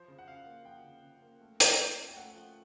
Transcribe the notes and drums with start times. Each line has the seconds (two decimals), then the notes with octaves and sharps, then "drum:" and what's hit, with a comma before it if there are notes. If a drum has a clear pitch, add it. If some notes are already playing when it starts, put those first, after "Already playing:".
Already playing: F3 C5
0.08 C#3
0.18 F#5
0.27 C#3 F5
0.46 A#3
0.65 F3 G5
0.84 C#3
1.02 C#3
1.22 A#3
1.40 A3
1.60 F3, drum: hi-hat
1.78 F3
1.98 C#4
2.08 G5
2.16 A3 F#5
2.36 F3